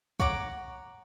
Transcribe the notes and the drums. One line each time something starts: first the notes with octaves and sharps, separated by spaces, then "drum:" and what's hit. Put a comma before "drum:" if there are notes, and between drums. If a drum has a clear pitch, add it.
C#5 F#5 A#5 D6, drum: kick